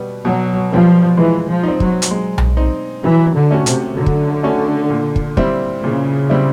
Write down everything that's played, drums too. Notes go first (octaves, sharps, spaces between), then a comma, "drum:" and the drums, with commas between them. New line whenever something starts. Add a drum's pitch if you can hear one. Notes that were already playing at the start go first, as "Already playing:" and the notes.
Already playing: B2 G3 B3
B2 F#3
F3 G3 B3
E3 G#3
F3
C4 D#4
F#3, drum: kick
drum: hi-hat
G#3
drum: tom B1
C4 D#4
E3 F#3
D3
A3 C#4 F#4
C3, drum: hi-hat
D3 F#3
drum: kick
A3 C#4 F#4
A#2
drum: kick
G3 C4 E4, drum: kick
A#2 C#3
G3 C4 E4